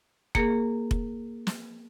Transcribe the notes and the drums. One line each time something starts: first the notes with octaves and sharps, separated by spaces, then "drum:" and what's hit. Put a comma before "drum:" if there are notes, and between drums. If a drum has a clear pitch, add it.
A#3 G#4 A#4, drum: kick F1
drum: kick F1
drum: snare